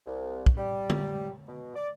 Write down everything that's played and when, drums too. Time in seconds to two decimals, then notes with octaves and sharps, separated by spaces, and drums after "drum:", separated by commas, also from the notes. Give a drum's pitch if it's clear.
0.07 C2
0.46 drum: kick
0.58 G3
0.90 drum: tom D3
1.48 B2
1.76 D5